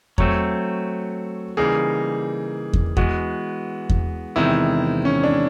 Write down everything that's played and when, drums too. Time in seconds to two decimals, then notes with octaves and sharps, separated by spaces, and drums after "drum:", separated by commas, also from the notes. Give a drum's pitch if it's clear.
0.18 F#3 A3 C4 C#5, drum: kick E2
1.57 C#3 E3 G3 A#3 D#4 G#4
2.73 drum: kick E2
2.97 E3 G#3 B3 F#4, drum: kick E2
3.90 drum: kick E2
4.36 E2 C3 D#3 G#3 C4 E4
5.05 C#4
5.23 D4